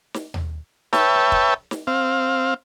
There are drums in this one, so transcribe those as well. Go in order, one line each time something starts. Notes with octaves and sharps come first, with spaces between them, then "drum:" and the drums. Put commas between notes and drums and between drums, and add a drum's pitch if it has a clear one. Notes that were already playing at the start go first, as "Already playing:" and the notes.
drum: snare
drum: tom D#2
B4 C#5 E5 G5 A5, drum: snare
drum: kick
drum: snare
C4 F5